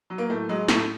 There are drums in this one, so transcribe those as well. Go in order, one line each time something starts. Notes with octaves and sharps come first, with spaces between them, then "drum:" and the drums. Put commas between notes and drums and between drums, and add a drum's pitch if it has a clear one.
F#3
A#3
A2 A3
F#3 G#3
A2 A3, drum: snare